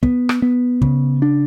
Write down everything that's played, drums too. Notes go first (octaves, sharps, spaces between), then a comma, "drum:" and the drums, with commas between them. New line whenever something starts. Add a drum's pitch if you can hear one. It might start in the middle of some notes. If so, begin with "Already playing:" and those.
B3, drum: kick
drum: rim click
B3
C#3, drum: kick
D4